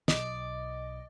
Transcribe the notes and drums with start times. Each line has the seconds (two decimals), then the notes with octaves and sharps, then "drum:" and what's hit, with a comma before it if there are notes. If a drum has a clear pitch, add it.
0.08 B1 D5 D#5, drum: snare